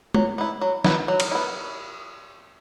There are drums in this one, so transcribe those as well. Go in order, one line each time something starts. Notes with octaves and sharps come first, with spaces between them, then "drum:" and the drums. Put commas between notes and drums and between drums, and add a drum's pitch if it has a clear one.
F#3, drum: tom G#3
B3 E4
F#3
B3 E4, drum: snare
F#3
drum: cymbal
B3 E4